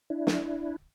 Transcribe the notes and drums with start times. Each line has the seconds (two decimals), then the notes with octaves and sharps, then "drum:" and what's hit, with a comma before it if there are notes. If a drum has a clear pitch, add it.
0.10 D4 E4
0.27 drum: snare